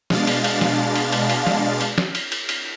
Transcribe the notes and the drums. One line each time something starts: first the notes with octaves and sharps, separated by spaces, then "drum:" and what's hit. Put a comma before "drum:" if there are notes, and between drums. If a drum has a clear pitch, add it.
B2 G#3 D4 F5 A6, drum: snare
drum: cymbal
drum: cymbal
drum: snare
drum: cymbal
drum: cymbal
drum: cymbal
drum: snare
drum: cymbal
drum: snare
drum: cymbal
drum: cymbal
drum: cymbal